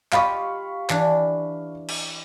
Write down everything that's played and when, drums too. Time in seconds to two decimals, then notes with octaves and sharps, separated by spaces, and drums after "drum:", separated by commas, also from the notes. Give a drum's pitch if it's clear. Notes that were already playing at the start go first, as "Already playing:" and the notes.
0.12 F4 G4 D#5 F5 B5 C#6, drum: clap
0.90 E3 D4, drum: clap
1.89 drum: cymbal